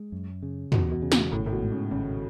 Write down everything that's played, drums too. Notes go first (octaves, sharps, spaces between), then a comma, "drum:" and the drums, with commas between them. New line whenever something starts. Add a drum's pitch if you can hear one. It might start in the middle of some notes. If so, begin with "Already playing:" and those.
Already playing: G#3
F#2
C#3
E2 B2, drum: tom
B2
C#3
B2, drum: snare
G#1 A2
A2
B2
G#2
C#3
G#1 C#3